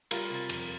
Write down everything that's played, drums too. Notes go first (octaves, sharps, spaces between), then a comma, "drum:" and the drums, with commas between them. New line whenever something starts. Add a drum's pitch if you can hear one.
G3 F4 A#4, drum: cymbal
C3
F2, drum: cymbal